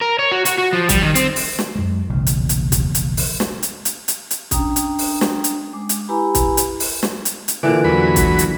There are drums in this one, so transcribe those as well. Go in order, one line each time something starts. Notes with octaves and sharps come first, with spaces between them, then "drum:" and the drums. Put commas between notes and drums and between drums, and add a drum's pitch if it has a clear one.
A#4
C#5
F#4
F#4, drum: hi-hat
F#4
F3
G3, drum: kick, hi-hat
D#3
C4, drum: hi-hat
drum: open hi-hat
drum: snare
F#2 G#3
E1 A#1 C#3
drum: hi-hat
drum: hi-hat
drum: kick, hi-hat
drum: hi-hat
drum: open hi-hat
drum: snare
drum: hi-hat
drum: hi-hat
drum: hi-hat
drum: hi-hat
C#4 D4 G5 A#5 D#6, drum: kick, hi-hat
drum: hi-hat
drum: open hi-hat
drum: snare
drum: hi-hat
G#3 D6
drum: hi-hat
E4 G4 B4 G#5 A#5 B5
drum: kick, hi-hat
drum: hi-hat
drum: open hi-hat
drum: snare
drum: hi-hat
drum: hi-hat
A#2 D3 E3 D5
E2 F#3 B5
drum: kick, hi-hat
drum: hi-hat